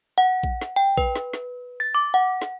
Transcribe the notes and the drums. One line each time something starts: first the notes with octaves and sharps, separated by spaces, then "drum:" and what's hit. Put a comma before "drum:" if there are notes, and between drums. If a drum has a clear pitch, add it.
F#5
drum: kick A#1
drum: snare
G5
B4, drum: kick A#1
drum: snare
drum: snare
A6
D6
F#5
drum: snare